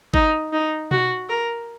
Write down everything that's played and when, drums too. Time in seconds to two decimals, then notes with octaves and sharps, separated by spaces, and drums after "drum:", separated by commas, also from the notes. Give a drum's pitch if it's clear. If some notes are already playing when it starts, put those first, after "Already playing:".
0.14 D#4, drum: kick G1
0.53 D#4
0.91 F#4, drum: tom B2
1.29 A#4